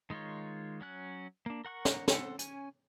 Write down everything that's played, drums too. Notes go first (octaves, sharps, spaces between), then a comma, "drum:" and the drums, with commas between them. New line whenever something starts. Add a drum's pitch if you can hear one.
D#3 G#3 D#4 F4 C#5
F#3 C#4 F#6
A#3 D4
A#4 F#5 C#6 F#6
drum: snare
C4 A4 F#5, drum: snare
C#4 G#5, drum: hi-hat